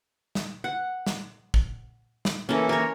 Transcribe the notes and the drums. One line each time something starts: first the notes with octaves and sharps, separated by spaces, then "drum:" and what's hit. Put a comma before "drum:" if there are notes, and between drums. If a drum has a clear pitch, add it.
drum: snare
F#5
drum: snare
drum: kick
drum: snare
E3 A#3 C#4 A4
A#4 C#5